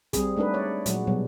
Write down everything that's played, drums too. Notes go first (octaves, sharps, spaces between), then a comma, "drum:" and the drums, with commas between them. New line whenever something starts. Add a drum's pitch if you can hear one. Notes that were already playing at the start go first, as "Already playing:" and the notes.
G3 C4 G#4, drum: kick, hi-hat
G#3 A3 D4 D#4 B4
C#5 D5
A#2 F#3 G#3 F#4, drum: hi-hat
B2 F#3 G3 B3